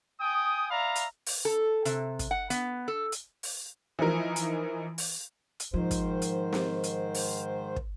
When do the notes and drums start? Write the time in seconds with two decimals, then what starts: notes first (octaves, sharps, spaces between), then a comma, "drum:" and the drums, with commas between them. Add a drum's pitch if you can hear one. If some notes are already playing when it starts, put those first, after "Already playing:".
0.20 G5 G#5 D#6
0.70 D5 E5 F5 A#5 B5
0.95 drum: hi-hat
1.26 drum: open hi-hat
1.45 A4
1.85 C3, drum: hi-hat
2.19 drum: kick, hi-hat
2.31 F#5
2.50 B3, drum: hi-hat
2.88 A4
3.12 drum: hi-hat
3.43 drum: open hi-hat
3.99 E3 F3 D#4 A#4
4.36 drum: hi-hat
4.98 drum: open hi-hat
5.60 drum: hi-hat
5.74 G#2 D#3 F3 C5
5.91 drum: kick, hi-hat
6.22 drum: hi-hat
6.53 drum: snare
6.83 drum: hi-hat
7.14 drum: open hi-hat
7.76 drum: kick